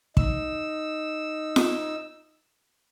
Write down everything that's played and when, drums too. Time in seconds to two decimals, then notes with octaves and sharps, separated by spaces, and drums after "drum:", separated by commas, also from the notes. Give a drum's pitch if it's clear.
0.17 D#4 E6, drum: kick
1.56 drum: snare